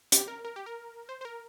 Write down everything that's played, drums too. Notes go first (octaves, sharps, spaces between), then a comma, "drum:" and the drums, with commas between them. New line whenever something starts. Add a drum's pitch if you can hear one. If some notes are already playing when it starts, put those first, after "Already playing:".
G4, drum: hi-hat
A#4
A#4
G4
A#4
C5
C5
A#4